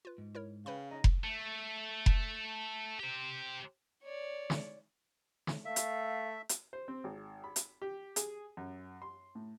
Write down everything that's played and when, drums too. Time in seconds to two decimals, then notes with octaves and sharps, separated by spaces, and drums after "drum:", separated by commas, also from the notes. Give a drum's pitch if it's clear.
0.05 F4 B4
0.18 G#2
0.35 E4 A#4 C#5
0.66 C#3 B4 F5 G5 B5
0.91 D#4 C#5 D#5 A#5
1.04 drum: kick F1
1.24 A3
2.06 drum: kick F1
2.99 G4 C5
4.03 C#5 D5
4.50 drum: snare
5.47 drum: snare
5.65 A3 E5 F5
5.76 drum: hi-hat
6.49 drum: hi-hat
6.73 C5
6.88 C4
7.04 G#1
7.44 B5
7.56 drum: hi-hat
7.82 G4
8.16 G#4, drum: hi-hat
8.57 F#2
9.02 C6
9.35 A2